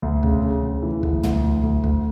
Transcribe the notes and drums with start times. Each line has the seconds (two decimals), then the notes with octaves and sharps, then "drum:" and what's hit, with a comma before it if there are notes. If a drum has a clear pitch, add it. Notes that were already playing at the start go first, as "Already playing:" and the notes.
0.02 D2
0.23 C#3, drum: kick
0.42 C#3
0.63 D2
0.83 E3
1.03 D2, drum: kick
1.23 D2, drum: tom
1.44 D2
1.63 D2
1.84 D2, drum: kick